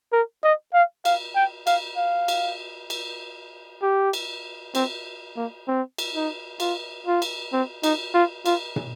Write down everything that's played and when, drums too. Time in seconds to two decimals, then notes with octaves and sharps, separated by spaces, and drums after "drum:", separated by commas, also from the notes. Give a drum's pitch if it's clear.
0.12 A#4
0.44 D#5
0.74 F5
1.05 F5, drum: cymbal
1.35 G5
1.67 F5, drum: cymbal
1.97 F5
2.28 drum: cymbal
2.90 drum: cymbal
3.82 G4
4.13 drum: cymbal
4.75 C4, drum: cymbal
5.36 A#3
5.68 C4
5.98 drum: cymbal
6.14 D#4
6.60 F4, drum: cymbal
7.07 F4
7.22 drum: cymbal
7.53 C4
7.83 D#4, drum: cymbal
8.14 F4
8.46 F4, drum: cymbal
8.76 drum: tom